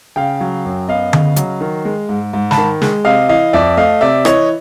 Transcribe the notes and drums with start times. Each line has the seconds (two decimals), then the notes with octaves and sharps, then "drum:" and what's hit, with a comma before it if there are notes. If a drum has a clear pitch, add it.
0.16 C#3 F5 G5
0.41 F#3
0.65 F#2
0.88 B3 D#5 F5
1.13 C#3, drum: tom D3
1.36 F#3, drum: hi-hat
1.61 D#3
1.85 G#3
2.09 G#2
2.33 G#2
2.51 A5 B5, drum: snare
2.57 D#3
2.82 G#3, drum: snare
3.05 C3 D#5 F5
3.29 E3 D#5 F5
3.53 F2 D5 E5
3.77 A3 D#5 F5
4.01 C3 D5 E5
4.25 E3 C#5 D#5, drum: rim click